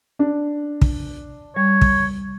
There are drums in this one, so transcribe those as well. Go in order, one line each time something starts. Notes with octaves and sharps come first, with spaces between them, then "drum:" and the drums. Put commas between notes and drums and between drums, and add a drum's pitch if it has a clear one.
D4
drum: kick
G3 C#5
drum: kick